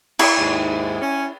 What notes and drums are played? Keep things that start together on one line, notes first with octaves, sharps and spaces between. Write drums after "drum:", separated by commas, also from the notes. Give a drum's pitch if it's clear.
E4, drum: cymbal
D#2 G#2
C#4